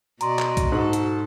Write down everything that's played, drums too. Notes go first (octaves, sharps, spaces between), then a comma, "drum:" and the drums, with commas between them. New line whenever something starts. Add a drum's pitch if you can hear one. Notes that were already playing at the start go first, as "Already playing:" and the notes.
B2 F#4 D5 D#5 A#5 C6, drum: hi-hat
drum: clap
drum: kick B1, hi-hat
G#2 A4
drum: hi-hat